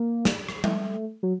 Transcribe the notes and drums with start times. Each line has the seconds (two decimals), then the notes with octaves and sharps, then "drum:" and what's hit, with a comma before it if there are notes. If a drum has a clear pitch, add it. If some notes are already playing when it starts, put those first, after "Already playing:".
Already playing: A#3
0.25 drum: snare
0.49 drum: rim click
0.64 A3, drum: tom G3
1.23 F#3